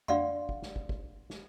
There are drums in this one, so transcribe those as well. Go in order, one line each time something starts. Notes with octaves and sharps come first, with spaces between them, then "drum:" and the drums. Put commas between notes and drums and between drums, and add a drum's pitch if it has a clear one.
D4 D5 F5 F#5 C6, drum: tom F2
drum: kick
drum: snare
drum: kick
drum: kick
drum: snare